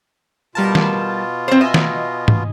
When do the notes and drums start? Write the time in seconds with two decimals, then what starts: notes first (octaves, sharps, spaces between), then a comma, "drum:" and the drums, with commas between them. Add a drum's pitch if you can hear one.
0.55 B2 G3 F4 A#4 A5
0.75 drum: snare
1.48 C4 C5
1.61 D#5 E5 G#5
1.74 drum: snare
2.28 drum: tom G#2